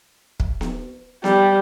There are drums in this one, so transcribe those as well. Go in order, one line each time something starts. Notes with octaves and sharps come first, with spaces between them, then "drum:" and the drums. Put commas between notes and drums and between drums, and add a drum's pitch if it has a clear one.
drum: kick
drum: snare B3
G3, drum: snare B3